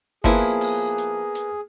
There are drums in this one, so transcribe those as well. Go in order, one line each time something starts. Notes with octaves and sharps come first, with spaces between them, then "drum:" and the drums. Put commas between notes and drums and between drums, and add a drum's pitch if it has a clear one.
F3 A#3 B3 E4 G#4 B4, drum: kick F#1, open hi-hat
drum: open hi-hat
drum: hi-hat
drum: hi-hat